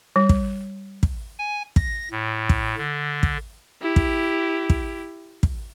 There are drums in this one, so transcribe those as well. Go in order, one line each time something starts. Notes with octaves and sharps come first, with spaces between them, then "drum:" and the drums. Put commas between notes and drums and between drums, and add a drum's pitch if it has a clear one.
G3
drum: kick
drum: kick
G#5
A#6, drum: kick
A2
drum: kick
D3
drum: kick
E4 G4
drum: kick
drum: kick
drum: kick